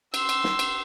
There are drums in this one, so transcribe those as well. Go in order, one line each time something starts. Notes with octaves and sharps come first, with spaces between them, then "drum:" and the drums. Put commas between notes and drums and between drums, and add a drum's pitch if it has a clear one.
C6 E6, drum: cymbal
drum: cymbal
drum: snare
drum: cymbal